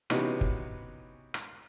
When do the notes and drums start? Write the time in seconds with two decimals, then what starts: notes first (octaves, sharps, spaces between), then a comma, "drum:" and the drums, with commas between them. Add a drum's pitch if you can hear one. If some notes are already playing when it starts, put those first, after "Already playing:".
0.10 C3 E3 B3 C#4 D#4 F#4, drum: rim click
0.41 drum: kick
1.34 drum: rim click